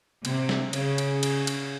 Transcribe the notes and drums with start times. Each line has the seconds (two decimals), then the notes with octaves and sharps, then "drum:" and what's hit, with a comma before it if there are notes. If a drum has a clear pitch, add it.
0.25 C3, drum: cymbal
0.49 drum: snare
0.73 C#3, drum: cymbal
0.98 drum: cymbal
1.23 drum: cymbal
1.47 drum: cymbal